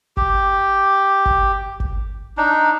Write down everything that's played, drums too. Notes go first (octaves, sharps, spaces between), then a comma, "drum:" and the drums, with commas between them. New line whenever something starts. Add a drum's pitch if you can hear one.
G4, drum: kick
drum: kick
drum: kick
D4 D#4